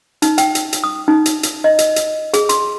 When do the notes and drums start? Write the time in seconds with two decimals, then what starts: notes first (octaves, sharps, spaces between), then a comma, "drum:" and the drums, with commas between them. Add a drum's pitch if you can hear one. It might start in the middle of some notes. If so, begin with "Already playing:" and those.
0.22 D#4, drum: hi-hat
0.38 G5, drum: hi-hat
0.55 drum: hi-hat
0.73 drum: hi-hat
0.84 D#6
1.08 D#4
1.26 drum: hi-hat
1.43 drum: hi-hat
1.64 D#5
1.79 drum: hi-hat
1.96 drum: hi-hat
2.34 G#4, drum: hi-hat
2.49 C6, drum: hi-hat